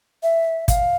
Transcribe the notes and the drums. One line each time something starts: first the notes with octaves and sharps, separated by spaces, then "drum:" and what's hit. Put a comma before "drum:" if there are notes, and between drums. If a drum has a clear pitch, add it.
E5
F5, drum: kick, hi-hat